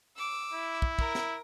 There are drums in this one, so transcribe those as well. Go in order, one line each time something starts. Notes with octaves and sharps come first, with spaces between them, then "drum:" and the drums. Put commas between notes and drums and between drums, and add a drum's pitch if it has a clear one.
D6 E6
E4
drum: kick
A#4, drum: kick
drum: snare